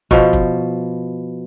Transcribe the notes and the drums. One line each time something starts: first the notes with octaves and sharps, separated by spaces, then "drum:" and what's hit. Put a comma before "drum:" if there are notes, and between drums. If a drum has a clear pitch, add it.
B2 F3, drum: kick
drum: kick